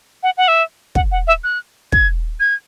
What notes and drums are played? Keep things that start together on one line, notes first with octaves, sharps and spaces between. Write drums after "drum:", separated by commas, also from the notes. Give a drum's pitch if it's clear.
F#5
F#5
E5
F#5, drum: kick
F#5
E5
F#6
G#6, drum: kick
G#6